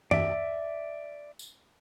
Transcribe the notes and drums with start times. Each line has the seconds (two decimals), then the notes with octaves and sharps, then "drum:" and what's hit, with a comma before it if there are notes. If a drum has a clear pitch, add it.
0.11 D5 E5, drum: tom
1.39 drum: tambourine